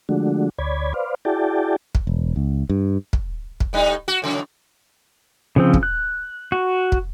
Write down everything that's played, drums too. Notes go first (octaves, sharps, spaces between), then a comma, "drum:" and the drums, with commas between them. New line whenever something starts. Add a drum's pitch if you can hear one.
D3 F3 G#3 A3 D4 F#4
D2 C#5 D5 B5 G#6
B4 C5 D5 F5
E4 F#4 G#4 D5 G5 A5
drum: kick
E1
C#2
G2
drum: kick
drum: kick
A2 G3 D#4
F#4
A2 C#3 F#3
C#3 F3 C4
drum: kick
F#6
F#4
drum: kick